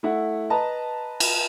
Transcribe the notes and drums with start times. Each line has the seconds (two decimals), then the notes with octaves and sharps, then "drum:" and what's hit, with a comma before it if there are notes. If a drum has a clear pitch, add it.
0.03 A3 E4 F#5
0.50 B4 D#5 A5 A#5
1.20 drum: cymbal